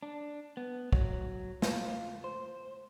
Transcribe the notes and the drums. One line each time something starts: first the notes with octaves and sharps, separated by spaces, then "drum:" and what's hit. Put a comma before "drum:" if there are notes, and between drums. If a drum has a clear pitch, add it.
D4
B3
F#3, drum: kick
F4, drum: snare A#3
C5